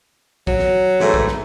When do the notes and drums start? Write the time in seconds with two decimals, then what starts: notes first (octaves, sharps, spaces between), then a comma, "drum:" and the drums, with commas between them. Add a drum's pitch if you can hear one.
0.47 F#3, drum: kick
0.59 drum: snare
1.00 G#2 E3 A3, drum: snare
1.14 drum: kick
1.28 drum: snare